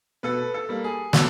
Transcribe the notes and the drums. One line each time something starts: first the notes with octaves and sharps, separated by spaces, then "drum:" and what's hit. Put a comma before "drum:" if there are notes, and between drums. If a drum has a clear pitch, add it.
B2 A4 B4
A4
G3 A#3
G#4
B2 A4, drum: snare